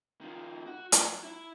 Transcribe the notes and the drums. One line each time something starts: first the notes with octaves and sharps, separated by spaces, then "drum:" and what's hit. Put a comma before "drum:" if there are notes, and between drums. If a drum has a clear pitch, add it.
D#3 F3
F#4
F#3, drum: hi-hat
E4